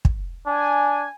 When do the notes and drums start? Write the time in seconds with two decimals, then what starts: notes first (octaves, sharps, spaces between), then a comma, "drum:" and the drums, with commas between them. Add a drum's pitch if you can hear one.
0.05 drum: kick
0.47 D4 G#5